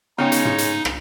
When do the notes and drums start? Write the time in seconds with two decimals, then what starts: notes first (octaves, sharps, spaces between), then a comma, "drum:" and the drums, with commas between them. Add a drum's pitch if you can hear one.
0.18 C#3 G#3 B3 D#4 C#5 G5
0.32 drum: hi-hat
0.45 drum: tom
0.58 drum: hi-hat
0.85 drum: rim click